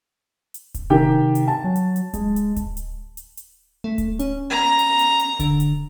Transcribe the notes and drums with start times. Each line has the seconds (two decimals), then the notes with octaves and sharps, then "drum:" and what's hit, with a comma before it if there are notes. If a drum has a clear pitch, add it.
0.54 drum: hi-hat
0.74 drum: kick D1, hi-hat
0.90 C3 D#3 G4 G5
1.35 drum: hi-hat
1.48 A5
1.64 F#3
1.76 drum: hi-hat
1.96 drum: hi-hat
2.14 G#3, drum: kick D1, hi-hat
2.36 drum: hi-hat
2.56 drum: kick D1, hi-hat
2.77 drum: hi-hat
3.17 drum: hi-hat
3.37 drum: hi-hat
3.84 A3
3.98 drum: kick D1, hi-hat
4.19 C#4, drum: hi-hat
4.50 A#5
4.79 drum: hi-hat
4.99 drum: hi-hat
5.19 drum: hi-hat
5.40 D3, drum: kick D1, hi-hat
5.60 drum: hi-hat